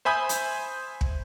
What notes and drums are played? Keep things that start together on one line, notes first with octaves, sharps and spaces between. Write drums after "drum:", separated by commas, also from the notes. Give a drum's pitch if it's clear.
C5 E5 G#5 B5 D#6 G6
drum: hi-hat
drum: kick